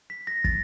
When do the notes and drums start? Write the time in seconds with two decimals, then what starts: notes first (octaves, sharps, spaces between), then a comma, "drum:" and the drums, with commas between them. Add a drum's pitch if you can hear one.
0.10 B6
0.27 A#6
0.44 A6, drum: kick